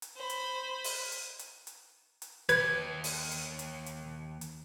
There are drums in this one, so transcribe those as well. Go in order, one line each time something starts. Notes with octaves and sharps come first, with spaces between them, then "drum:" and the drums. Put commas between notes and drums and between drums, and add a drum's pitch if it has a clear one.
drum: hi-hat
C5 B5
drum: hi-hat
drum: open hi-hat
drum: hi-hat
drum: hi-hat
drum: hi-hat
drum: hi-hat
D#2 B4 G#6, drum: hi-hat
drum: open hi-hat
drum: hi-hat
drum: hi-hat
drum: hi-hat
drum: hi-hat